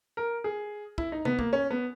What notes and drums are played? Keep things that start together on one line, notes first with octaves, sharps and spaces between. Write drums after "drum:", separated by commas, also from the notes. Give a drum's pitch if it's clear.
A#4
G#4
E4, drum: kick
D#4
B3, drum: tom C3
A#3, drum: kick
C#4
B3